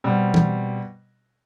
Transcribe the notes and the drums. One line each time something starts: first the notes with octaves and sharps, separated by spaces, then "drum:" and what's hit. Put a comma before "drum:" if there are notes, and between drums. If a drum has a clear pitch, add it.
B2 G3 C4
drum: tom E3